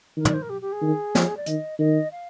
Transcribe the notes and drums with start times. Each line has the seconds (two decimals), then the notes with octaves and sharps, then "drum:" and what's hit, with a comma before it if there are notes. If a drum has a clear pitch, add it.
0.17 D#3 A#4
0.25 D5, drum: tom
0.33 C5
0.42 A#4
0.49 G4
0.61 G4
0.72 G#4
0.82 D#3
1.15 F3, drum: snare
1.36 D5
1.46 D#3 D#5, drum: hi-hat
1.78 D#3 D#5
2.11 F5